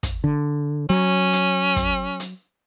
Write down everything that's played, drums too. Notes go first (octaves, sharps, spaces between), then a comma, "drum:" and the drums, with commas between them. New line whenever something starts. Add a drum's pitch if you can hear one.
drum: kick, hi-hat
D3
F#3 C#4
drum: hi-hat
drum: kick, hi-hat
drum: hi-hat